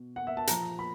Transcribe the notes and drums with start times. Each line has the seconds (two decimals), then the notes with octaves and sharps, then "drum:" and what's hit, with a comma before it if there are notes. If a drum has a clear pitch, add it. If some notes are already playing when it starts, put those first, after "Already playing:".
Already playing: B2
0.16 F#5
0.27 E5
0.37 A5
0.47 A#2 F3 A#5, drum: hi-hat
0.79 B5